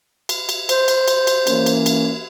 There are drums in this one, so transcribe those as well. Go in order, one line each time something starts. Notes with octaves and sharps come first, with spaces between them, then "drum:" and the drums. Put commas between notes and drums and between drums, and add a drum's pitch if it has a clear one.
drum: cymbal
drum: cymbal
C5, drum: cymbal
drum: cymbal
drum: cymbal
drum: cymbal
E3 A#3 C#4, drum: cymbal
drum: cymbal
drum: cymbal